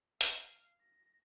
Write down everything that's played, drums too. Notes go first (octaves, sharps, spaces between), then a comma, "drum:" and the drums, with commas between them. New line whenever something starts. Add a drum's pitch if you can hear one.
F5, drum: hi-hat
A#6